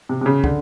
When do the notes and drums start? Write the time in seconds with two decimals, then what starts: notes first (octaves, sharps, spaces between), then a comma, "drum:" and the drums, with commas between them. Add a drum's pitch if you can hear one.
0.09 C3
0.21 C3
0.26 C#3
0.44 D3, drum: kick